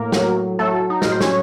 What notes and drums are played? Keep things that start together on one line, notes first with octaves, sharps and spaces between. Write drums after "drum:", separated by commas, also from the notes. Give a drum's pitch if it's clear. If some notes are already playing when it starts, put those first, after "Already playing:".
Already playing: A2 A#3 A#4
F#3, drum: snare
F#3 A3 A4
D#4
A2 A#4, drum: snare
C5
C#4 C#5, drum: snare